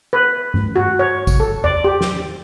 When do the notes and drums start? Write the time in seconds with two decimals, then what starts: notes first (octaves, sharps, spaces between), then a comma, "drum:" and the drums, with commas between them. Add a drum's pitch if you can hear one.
0.13 B4
0.54 drum: tom G2
0.76 F#4
0.99 C#5
1.27 drum: kick G#1, tambourine
1.40 A4
1.64 D5, drum: tom E2
1.84 G4
2.01 drum: snare